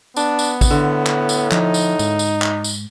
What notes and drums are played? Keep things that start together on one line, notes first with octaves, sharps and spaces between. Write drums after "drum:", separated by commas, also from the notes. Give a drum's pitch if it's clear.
B3 D4, drum: tambourine
drum: tambourine
drum: kick A1, tambourine
A2 D3
drum: clap
drum: tambourine
F3 D#4, drum: clap
drum: tambourine
G#2, drum: tambourine
drum: tambourine
drum: clap
drum: tambourine